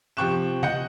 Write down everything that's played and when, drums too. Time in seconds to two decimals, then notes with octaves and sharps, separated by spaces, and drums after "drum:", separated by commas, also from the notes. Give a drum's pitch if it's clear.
0.17 C3 F3 G5 C#6 F#6 E7
0.63 D#5 F#5 F#6 G6 C#7, drum: tom C3